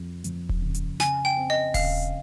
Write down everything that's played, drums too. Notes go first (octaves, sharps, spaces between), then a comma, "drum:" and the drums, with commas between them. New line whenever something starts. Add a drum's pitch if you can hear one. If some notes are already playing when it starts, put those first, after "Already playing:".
Already playing: F2 F3
F2, drum: hi-hat
drum: kick D#1
C#3
drum: hi-hat
C#3 G#5, drum: snare
G5
C4
D#5
C#3 F5, drum: kick D#1, open hi-hat